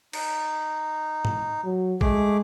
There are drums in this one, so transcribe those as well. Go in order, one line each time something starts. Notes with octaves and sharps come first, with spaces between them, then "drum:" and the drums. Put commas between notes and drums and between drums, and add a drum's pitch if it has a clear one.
D#4, drum: cymbal
drum: tom G#2
F#3
G#3 A3 G#4 D6, drum: kick A1